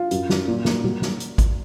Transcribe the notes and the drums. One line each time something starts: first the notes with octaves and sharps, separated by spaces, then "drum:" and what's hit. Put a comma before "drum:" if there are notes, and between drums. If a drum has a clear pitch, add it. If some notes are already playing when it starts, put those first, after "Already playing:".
Already playing: F4
F#2, drum: hi-hat
F#2, drum: snare
A#2
A#3, drum: snare
F#3, drum: tom
drum: snare
drum: hi-hat
drum: kick G#1, hi-hat